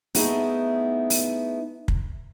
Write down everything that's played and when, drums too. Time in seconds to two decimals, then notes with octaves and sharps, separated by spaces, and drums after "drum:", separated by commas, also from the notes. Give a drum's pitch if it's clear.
0.15 A3 B3 D#4 E4 G#4, drum: open hi-hat
1.10 drum: open hi-hat
1.88 drum: kick